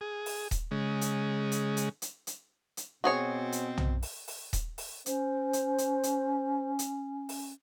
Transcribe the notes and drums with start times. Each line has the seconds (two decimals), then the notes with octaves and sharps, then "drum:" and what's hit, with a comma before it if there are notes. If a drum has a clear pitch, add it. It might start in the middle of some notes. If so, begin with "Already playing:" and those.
0.01 G#4
0.26 drum: open hi-hat
0.51 drum: kick D#1, hi-hat
0.71 C#3 G#3
1.01 drum: hi-hat
1.52 drum: hi-hat
1.77 drum: hi-hat
2.02 drum: hi-hat
2.27 drum: hi-hat
2.77 drum: hi-hat
3.04 B2 C4 F#4 G#4 C#5
3.52 drum: hi-hat
3.78 drum: tom B1
4.03 drum: open hi-hat
4.28 drum: open hi-hat
4.53 drum: kick D#1, hi-hat
4.78 drum: open hi-hat
5.06 C#4 C5, drum: hi-hat
5.53 drum: hi-hat
5.78 drum: hi-hat
6.03 drum: hi-hat
6.79 drum: hi-hat
7.29 drum: open hi-hat